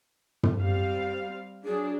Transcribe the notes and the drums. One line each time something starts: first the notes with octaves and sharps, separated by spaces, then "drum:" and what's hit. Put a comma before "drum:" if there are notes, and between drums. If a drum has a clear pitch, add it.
drum: tom
G3 C4 F5
F#3 D4 G#4